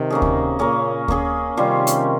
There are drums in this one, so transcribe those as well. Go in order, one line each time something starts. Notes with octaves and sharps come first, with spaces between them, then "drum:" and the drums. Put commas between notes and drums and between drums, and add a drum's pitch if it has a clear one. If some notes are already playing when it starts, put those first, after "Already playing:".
Already playing: C3 D#3
A#3 C#4 G#4
drum: kick D2
A#2 C#3 A#3 C#4 G#4
A#3 C#4 G#4, drum: kick D2
C3 D#3 G3 C#4 F4 C5
drum: hi-hat